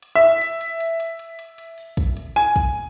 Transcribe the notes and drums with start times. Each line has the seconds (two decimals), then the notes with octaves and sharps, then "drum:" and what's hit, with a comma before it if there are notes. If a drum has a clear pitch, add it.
0.03 drum: hi-hat
0.15 E5
0.41 drum: hi-hat
0.61 drum: hi-hat
0.80 drum: hi-hat
1.00 drum: hi-hat
1.19 drum: hi-hat
1.39 drum: hi-hat
1.58 drum: hi-hat
1.78 drum: open hi-hat
1.97 drum: kick, hi-hat
2.17 drum: hi-hat
2.36 G#5, drum: hi-hat
2.56 drum: kick, hi-hat